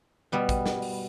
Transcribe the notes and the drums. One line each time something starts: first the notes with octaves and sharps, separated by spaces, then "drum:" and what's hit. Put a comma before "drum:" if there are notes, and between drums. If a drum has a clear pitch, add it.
B2 G3 B3
drum: kick, hi-hat
drum: snare
drum: open hi-hat